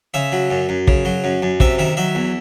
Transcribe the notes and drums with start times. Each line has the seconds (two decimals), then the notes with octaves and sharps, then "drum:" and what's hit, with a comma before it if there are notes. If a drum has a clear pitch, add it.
0.14 C#3 E5
0.32 F#3
0.51 F#2
0.69 F#2
0.88 C#3, drum: kick
1.05 F#3
1.24 F#2
1.42 F#2
1.60 C3 E5, drum: kick
1.78 D#3 E5
1.97 F#3 E5
2.15 E2